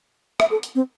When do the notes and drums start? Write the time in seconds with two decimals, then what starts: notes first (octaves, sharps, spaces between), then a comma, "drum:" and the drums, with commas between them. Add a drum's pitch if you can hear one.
0.40 E5, drum: rim click
0.51 A4
0.63 drum: hi-hat
0.75 C4